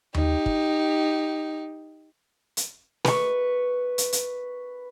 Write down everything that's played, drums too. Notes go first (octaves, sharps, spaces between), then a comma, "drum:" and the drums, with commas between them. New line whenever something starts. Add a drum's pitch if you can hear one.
D#4 G4, drum: tom D#2
drum: kick
drum: hi-hat
B4 C#6, drum: snare
drum: hi-hat
drum: hi-hat